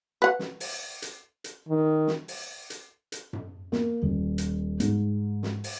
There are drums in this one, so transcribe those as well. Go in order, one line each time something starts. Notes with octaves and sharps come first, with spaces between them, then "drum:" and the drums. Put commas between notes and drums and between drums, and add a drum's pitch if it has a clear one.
B4 F#5
drum: snare
drum: open hi-hat
drum: hi-hat
drum: hi-hat
D#3
drum: snare
drum: open hi-hat
drum: hi-hat
drum: hi-hat
drum: tom F#2
A#3, drum: snare
D#1
drum: hi-hat
G#2, drum: hi-hat
drum: snare
drum: open hi-hat